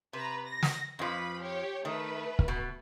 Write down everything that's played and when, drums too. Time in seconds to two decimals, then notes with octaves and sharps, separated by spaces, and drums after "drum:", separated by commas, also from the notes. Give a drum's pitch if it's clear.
0.13 C3 B4 A#5
0.45 A#6
0.63 drum: snare
0.99 F2 F3 B4 B5
1.41 G4 C#5
1.85 D#3 A3 B4
2.39 drum: kick
2.48 B2